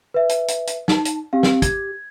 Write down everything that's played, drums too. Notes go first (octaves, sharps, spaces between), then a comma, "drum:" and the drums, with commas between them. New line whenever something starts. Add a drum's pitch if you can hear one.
B4 E5
drum: hi-hat
drum: hi-hat
drum: hi-hat
D#4 A5, drum: snare
drum: hi-hat
C4 G4 F5
drum: snare
G4 G#6, drum: kick, hi-hat